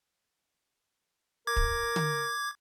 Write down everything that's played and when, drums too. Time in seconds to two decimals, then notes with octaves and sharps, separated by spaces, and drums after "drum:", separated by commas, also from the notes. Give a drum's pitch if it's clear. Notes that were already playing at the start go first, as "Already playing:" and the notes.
1.47 A#4 D6 G#6
1.56 drum: kick
1.96 drum: tom D3